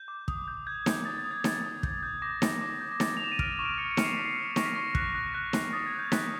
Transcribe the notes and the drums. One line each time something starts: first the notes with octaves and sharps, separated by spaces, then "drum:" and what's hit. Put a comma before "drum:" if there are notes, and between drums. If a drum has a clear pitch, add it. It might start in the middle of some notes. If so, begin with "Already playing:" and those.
Already playing: G6
D6
D#6, drum: kick
G6
G6 G#6
D#6, drum: snare D#4
D#6 A6
A6
D#6
G#6
G6, drum: snare D#4
D#6
G6, drum: kick
G6
D6 A#6
D6, drum: snare D#4
D6
G6
A#6
G6 A6, drum: snare D#4
F7
D6 E7
D#7
F6 D7, drum: kick
D#7
C#6
D7
F6 C#7
C#7
F6, drum: snare D#4
C7
F6 B6
C7
F6 B6
C#6 A#6, drum: snare D#4
B6
C#6 A#6
F#6, drum: kick
F#6
F#6 A#6
F#6, drum: snare D#4
D#6 A6
G#6
F#6
G6
F#6 B6, drum: snare D#4